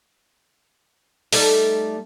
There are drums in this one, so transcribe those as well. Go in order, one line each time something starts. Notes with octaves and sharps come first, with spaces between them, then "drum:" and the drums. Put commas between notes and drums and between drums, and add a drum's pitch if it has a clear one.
G3 A3 D#4, drum: open hi-hat